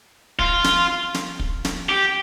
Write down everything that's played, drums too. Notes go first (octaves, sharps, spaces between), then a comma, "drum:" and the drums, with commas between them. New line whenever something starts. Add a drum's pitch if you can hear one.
F4, drum: kick
drum: snare
drum: snare
drum: kick
drum: snare
G4